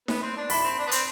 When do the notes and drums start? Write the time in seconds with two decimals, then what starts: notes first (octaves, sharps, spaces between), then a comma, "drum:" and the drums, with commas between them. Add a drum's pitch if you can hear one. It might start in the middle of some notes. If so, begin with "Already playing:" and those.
0.08 B3, drum: snare D#4
0.22 C4
0.37 D4
0.50 E4 B5, drum: open hi-hat
0.64 C4
0.78 D4
0.87 B3
0.91 C4, drum: hi-hat